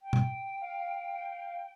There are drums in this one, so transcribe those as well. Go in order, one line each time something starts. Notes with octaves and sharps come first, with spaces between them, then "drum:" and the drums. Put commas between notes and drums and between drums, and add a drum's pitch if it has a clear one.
G5
drum: tom B2
F5